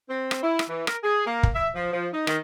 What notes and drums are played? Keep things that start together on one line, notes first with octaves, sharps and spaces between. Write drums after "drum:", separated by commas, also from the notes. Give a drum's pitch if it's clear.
C4
drum: rim click
E4
drum: rim click
E3
A#4, drum: rim click
G#4
A#3
drum: kick
E5
F3
F3
D#4
D#3, drum: rim click